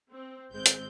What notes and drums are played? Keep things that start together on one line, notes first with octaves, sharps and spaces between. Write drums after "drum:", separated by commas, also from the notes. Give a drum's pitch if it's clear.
C4
G#1 G#3 C4 G6
drum: hi-hat